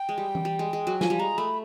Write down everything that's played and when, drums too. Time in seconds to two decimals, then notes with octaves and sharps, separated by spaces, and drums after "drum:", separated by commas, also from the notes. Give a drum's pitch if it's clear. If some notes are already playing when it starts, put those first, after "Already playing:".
Already playing: G5
0.09 G#3
0.18 G3
0.35 drum: tom E3
0.45 G3
0.59 G#3
0.73 G#3
0.87 F#3
1.01 F3 G#5, drum: snare
1.10 G3
1.19 G#3 A#5
1.38 A3 B5